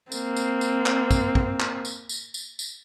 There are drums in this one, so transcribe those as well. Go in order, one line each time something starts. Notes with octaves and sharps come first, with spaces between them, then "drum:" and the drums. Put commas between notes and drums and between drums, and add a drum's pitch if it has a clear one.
A#3 C4, drum: tambourine
drum: tambourine
drum: tambourine
drum: clap
drum: kick, tambourine
drum: kick
drum: clap
drum: tambourine
drum: tambourine
drum: tambourine
drum: tambourine